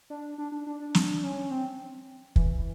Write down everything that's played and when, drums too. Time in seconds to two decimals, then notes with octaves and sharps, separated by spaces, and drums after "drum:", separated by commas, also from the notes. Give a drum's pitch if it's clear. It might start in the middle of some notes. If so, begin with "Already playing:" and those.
0.10 D4
0.38 D4
0.52 D4
0.67 D4
0.80 D4
0.95 drum: snare
1.23 C#4
1.51 C4
2.36 E3, drum: kick